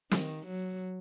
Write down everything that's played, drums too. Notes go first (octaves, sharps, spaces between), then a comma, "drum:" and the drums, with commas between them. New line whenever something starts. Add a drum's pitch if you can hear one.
D#3, drum: snare
F#3